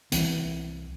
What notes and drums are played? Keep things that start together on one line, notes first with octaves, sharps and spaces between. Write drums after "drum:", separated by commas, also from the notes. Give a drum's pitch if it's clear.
C2 E3 C4, drum: hi-hat